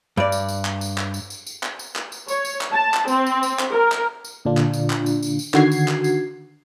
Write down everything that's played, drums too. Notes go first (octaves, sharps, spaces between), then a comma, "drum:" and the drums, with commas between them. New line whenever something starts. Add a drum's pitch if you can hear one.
G2 D5
drum: tambourine
drum: tambourine
drum: clap
drum: tambourine
drum: clap
drum: tambourine
drum: tambourine
drum: tambourine
drum: clap
drum: tambourine
drum: clap
drum: tambourine
C#5, drum: tambourine
drum: tambourine
drum: clap
A5
drum: clap
C4, drum: tambourine
drum: tambourine
drum: tambourine
drum: clap
A#4
drum: clap
drum: tambourine
A#2 D3 D4 F4
drum: clap
drum: tambourine
drum: clap
drum: tambourine
drum: tambourine
drum: tambourine
D3 D#3 F#4 G#6 C7, drum: clap
drum: tambourine
drum: clap
drum: tambourine